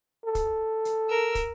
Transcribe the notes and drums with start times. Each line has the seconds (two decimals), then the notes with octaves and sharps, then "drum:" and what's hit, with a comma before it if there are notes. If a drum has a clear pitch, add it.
0.25 A4
0.35 drum: kick, hi-hat
0.85 drum: hi-hat
1.10 A#4 E6
1.35 drum: kick, hi-hat